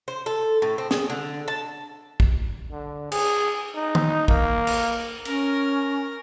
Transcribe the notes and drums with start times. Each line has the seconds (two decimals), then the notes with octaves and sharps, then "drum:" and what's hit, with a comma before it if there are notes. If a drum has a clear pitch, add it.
0.08 C5
0.26 A4
0.62 A2
0.78 C4
0.91 G#4, drum: snare
1.10 D3
1.48 A5
2.20 drum: kick
2.72 D3
3.12 G#4, drum: cymbal
3.76 D#4
3.95 drum: tom D#3
4.28 A#3, drum: kick
4.67 drum: cymbal
5.25 C#4 A#4, drum: cymbal